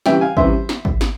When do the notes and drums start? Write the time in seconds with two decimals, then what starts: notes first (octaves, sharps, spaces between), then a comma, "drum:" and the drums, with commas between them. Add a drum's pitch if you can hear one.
0.06 C3 E3 G3 C#4 E5 G5, drum: snare
0.21 F5 G#5
0.37 C3 E3 G3 C#4 C5 E5, drum: kick
0.69 drum: snare
0.85 drum: kick
1.01 drum: snare